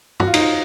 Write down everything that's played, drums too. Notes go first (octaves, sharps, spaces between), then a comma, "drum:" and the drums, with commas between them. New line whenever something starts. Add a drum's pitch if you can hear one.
F#4, drum: tom
F4
D#4, drum: cymbal
F4